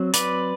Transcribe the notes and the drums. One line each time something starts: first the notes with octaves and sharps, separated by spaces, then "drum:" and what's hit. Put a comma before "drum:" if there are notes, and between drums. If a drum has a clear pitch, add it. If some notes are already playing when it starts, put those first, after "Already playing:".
Already playing: F#3 C4
B4 D5, drum: hi-hat